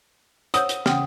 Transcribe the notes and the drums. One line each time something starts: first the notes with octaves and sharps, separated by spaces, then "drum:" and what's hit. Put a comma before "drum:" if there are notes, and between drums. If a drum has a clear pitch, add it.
C5 C#5 F#5 D#6 E6 G6, drum: hi-hat
drum: hi-hat
C#3 E3 C#4 F#5 G5 D6, drum: snare